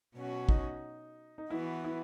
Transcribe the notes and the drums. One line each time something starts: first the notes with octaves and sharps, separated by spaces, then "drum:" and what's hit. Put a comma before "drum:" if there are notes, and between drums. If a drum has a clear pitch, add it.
B2 F#3 C#4 F#4
D#4, drum: kick
D#4
E3 B3 E4 F#4
E4